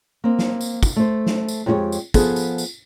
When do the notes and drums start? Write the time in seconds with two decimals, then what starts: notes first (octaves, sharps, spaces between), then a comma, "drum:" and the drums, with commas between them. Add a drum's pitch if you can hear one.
0.24 A#3 C4
0.39 drum: snare
0.61 drum: tambourine
0.83 drum: kick, tambourine
0.96 A3 C5
1.26 drum: snare
1.48 drum: tambourine
1.66 F2 G#3 C4 F#4 G4 C#5
1.92 drum: tambourine
2.14 F3 B3 G#4 A4, drum: kick, tambourine
2.36 drum: tambourine
2.58 drum: tambourine